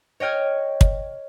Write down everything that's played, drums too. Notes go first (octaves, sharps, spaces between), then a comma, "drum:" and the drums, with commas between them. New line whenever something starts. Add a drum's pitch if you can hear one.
C#5 D#5 G5 F6 G#6
drum: kick